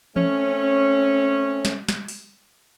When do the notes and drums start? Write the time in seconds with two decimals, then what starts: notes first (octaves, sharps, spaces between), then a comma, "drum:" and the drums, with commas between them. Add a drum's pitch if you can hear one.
0.16 A3 C4 C#4, drum: tom E3
1.65 drum: snare
1.89 drum: snare
2.08 drum: open hi-hat